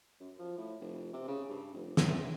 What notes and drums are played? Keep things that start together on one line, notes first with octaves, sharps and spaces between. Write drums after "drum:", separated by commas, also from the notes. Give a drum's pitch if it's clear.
F#2
F3
A2
F1
C3
C#3
G2
F1
A#2, drum: snare
C#3